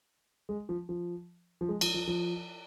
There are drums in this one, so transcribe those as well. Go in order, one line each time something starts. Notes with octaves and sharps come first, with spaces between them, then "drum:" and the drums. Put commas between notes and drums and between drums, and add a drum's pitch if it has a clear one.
G#3
F3
F3
F3
G#3
F3, drum: cymbal
F3
F3